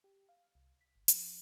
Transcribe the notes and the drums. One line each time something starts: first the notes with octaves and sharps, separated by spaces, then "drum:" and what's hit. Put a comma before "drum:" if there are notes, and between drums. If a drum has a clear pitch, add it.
G4
F5
C2
B6
G1
F3, drum: hi-hat